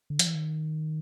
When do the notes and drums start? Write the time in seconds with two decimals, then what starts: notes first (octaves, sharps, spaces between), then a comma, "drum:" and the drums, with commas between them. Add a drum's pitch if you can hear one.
0.10 D3
0.19 F3, drum: hi-hat
0.27 E3
0.35 D#3